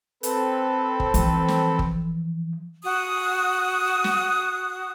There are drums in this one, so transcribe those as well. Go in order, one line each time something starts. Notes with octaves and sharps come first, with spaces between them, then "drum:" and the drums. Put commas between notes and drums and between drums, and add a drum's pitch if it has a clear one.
C4 A4 B4, drum: hi-hat
drum: kick G1
E3 F3, drum: hi-hat
drum: snare
drum: kick G1
F#4 D#6
drum: snare